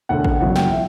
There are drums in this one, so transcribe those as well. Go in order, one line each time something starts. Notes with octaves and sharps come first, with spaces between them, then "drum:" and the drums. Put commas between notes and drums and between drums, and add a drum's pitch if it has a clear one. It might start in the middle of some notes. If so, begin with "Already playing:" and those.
E1 D2 D3 F#5
drum: kick A1
F#1 E2 C#3 F#3 F#5
G5, drum: snare
E3 E5